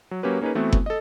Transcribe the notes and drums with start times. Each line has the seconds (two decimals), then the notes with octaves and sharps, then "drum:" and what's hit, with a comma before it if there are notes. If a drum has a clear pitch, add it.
0.11 F#3
0.23 F#3 A#3 C#4 G4 B4
0.41 A#3 C#4 D#4 G#4 B4
0.55 E3 A3 B3 C4 E4 F#4
0.72 drum: kick F#1
0.86 A4 D#5